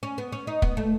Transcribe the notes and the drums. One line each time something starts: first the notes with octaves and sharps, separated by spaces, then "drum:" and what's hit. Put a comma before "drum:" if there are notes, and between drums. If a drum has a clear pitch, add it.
C#4
B3
C#4
D#4
B3, drum: kick
A3